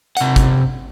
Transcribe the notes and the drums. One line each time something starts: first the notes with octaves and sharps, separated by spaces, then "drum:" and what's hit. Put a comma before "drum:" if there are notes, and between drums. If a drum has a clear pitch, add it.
C3 F#5, drum: hi-hat
drum: kick, hi-hat